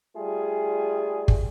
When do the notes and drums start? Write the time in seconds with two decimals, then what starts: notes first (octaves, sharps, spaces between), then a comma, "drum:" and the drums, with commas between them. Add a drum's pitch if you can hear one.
0.16 G3 A3 F4 G#4
1.28 drum: kick